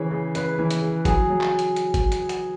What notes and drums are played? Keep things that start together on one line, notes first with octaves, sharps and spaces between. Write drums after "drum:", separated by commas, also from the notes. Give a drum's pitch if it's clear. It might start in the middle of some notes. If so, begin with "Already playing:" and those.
Already playing: C#3 E3 C#5
C#3
C#3 B4, drum: hi-hat
E3
drum: hi-hat
C#3
F#3 G#4, drum: kick G#1, hi-hat
F#3
drum: clap
drum: hi-hat
drum: hi-hat
drum: kick G#1, hi-hat
drum: hi-hat
drum: hi-hat